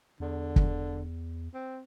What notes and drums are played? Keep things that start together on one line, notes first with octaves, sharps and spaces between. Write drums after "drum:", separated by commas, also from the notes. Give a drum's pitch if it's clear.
E2 D3
drum: kick
C4